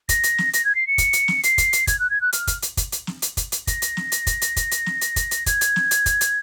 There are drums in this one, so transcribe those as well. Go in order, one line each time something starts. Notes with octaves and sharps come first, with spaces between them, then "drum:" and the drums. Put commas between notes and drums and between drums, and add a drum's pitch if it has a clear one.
A#6, drum: kick, hi-hat
drum: hi-hat
drum: snare
A#6, drum: hi-hat
G#6
C7
C#7
drum: kick, hi-hat
drum: hi-hat
drum: snare
C7, drum: hi-hat
drum: kick, hi-hat
drum: hi-hat
G#6, drum: kick, hi-hat
F#6
G#6
F#6
F6, drum: hi-hat
drum: kick, hi-hat
drum: hi-hat
drum: kick, hi-hat
drum: hi-hat
drum: snare
drum: hi-hat
drum: kick, hi-hat
drum: hi-hat
A#6, drum: kick, hi-hat
drum: hi-hat
drum: snare
drum: hi-hat
drum: kick, hi-hat
drum: hi-hat
drum: kick, hi-hat
drum: hi-hat
drum: snare
drum: hi-hat
drum: kick, hi-hat
drum: hi-hat
G#6, drum: kick, hi-hat
drum: hi-hat
drum: snare
drum: hi-hat
drum: kick, hi-hat
drum: hi-hat